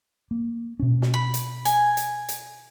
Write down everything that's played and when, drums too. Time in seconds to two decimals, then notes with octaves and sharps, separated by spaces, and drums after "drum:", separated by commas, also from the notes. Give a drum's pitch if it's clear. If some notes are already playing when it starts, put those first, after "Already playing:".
0.31 A#3
0.80 B2 C#4
1.02 drum: snare
1.14 B5
1.34 drum: hi-hat
1.65 G#5, drum: hi-hat
1.97 drum: hi-hat
2.29 drum: hi-hat